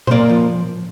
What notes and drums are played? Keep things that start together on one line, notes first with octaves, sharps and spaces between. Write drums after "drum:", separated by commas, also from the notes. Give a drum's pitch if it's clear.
C5, drum: tom A#2
A#3 D5
F3